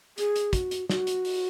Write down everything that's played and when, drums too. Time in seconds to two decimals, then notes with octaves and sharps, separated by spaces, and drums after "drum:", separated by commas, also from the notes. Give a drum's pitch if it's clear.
0.18 G#4, drum: hi-hat
0.36 drum: hi-hat
0.53 F#4, drum: kick, hi-hat
0.71 drum: hi-hat
0.90 F#4, drum: snare
1.07 drum: hi-hat
1.25 drum: open hi-hat